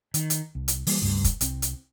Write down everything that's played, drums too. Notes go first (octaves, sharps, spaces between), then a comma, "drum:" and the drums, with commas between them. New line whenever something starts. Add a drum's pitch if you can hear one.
D#3, drum: hi-hat
drum: hi-hat
C2
drum: hi-hat
E3 G3 A#3, drum: open hi-hat
C#2 G2 G3 A3
drum: kick, hi-hat
C2 C4, drum: hi-hat
drum: hi-hat